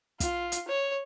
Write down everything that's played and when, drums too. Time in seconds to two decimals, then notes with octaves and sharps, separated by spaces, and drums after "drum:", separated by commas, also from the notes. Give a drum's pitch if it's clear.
0.20 F4, drum: kick, hi-hat
0.52 drum: hi-hat
0.68 C#5